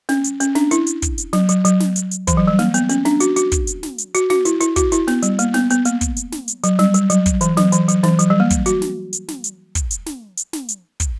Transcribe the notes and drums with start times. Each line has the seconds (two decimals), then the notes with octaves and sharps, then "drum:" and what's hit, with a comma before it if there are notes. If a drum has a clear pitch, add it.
0.09 C#4, drum: snare
0.24 drum: hi-hat
0.40 C#4, drum: hi-hat
0.55 D4, drum: snare
0.71 E4, drum: hi-hat
0.87 drum: hi-hat
1.02 drum: kick, hi-hat
1.18 drum: hi-hat
1.33 F#3, drum: snare
1.49 F#3, drum: hi-hat
1.65 F#3, drum: hi-hat
1.80 drum: snare
1.96 drum: hi-hat
2.11 drum: hi-hat
2.27 E3, drum: kick, hi-hat
2.37 F#3
2.47 G3
2.59 A#3, drum: snare
2.74 B3, drum: hi-hat
2.89 C#4, drum: hi-hat
3.05 D4, drum: snare
3.20 F#4, drum: hi-hat
3.36 F#4, drum: hi-hat
3.52 drum: kick, hi-hat
3.67 drum: hi-hat
3.83 drum: snare
3.98 drum: hi-hat
4.15 F#4, drum: hi-hat
4.30 F#4, drum: snare
4.45 E4, drum: hi-hat
4.61 E4, drum: hi-hat
4.76 F#4, drum: kick, hi-hat
4.92 E4, drum: hi-hat
5.08 B3, drum: snare
5.23 G3, drum: hi-hat
5.39 A#3, drum: hi-hat
5.54 B3, drum: snare
5.70 B3, drum: hi-hat
5.85 A#3, drum: hi-hat
6.01 drum: kick, hi-hat
6.17 drum: hi-hat
6.32 drum: snare
6.48 drum: hi-hat
6.64 F#3, drum: hi-hat
6.79 G3, drum: snare
6.94 G3, drum: hi-hat
7.10 F#3, drum: hi-hat
7.26 drum: kick, hi-hat
7.41 E3, drum: hi-hat
7.57 F#3, drum: snare
7.72 E3, drum: hi-hat
7.89 F#3, drum: hi-hat
8.03 E3, drum: snare
8.19 F#3, drum: hi-hat
8.30 G3
8.40 A#3
8.51 drum: kick, hi-hat
8.66 F#4, drum: hi-hat
8.82 drum: snare
9.13 drum: hi-hat
9.28 drum: snare
9.44 drum: hi-hat
9.75 drum: kick, hi-hat
9.91 drum: hi-hat
10.06 drum: snare
10.38 drum: hi-hat
10.53 drum: snare
10.69 drum: hi-hat
11.00 drum: kick, hi-hat